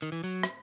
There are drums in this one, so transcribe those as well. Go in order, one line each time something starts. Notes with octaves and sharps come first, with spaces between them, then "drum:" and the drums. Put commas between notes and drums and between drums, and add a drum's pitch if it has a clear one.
D#3
E3
F#3
drum: rim click